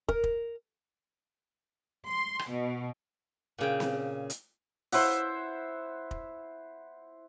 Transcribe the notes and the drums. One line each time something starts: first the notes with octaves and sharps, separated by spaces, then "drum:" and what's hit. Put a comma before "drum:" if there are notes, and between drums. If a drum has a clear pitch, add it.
A#4, drum: kick
drum: kick
C6
drum: rim click
B2
A#2 C#3 G5
drum: snare C4
drum: hi-hat
E4 C5 E5 F#5, drum: open hi-hat
drum: kick